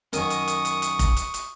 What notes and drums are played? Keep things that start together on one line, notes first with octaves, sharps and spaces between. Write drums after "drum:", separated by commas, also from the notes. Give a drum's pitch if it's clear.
F#2 D#3 A#4 C#6 D#6, drum: hi-hat
drum: hi-hat
drum: hi-hat
drum: hi-hat
drum: hi-hat
drum: kick F1, hi-hat
drum: hi-hat
drum: hi-hat